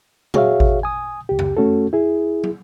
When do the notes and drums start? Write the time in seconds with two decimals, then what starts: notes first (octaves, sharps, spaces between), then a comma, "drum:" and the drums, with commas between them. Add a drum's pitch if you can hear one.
0.34 F#4 G#4 C#5 E5 F5, drum: tom A#2
0.60 drum: kick G#1
0.83 G#5 D#6
1.29 C#2 G4
1.39 drum: tom F2
1.57 A3 C#4 F#4 A4
1.93 E4 G#4
2.44 drum: tom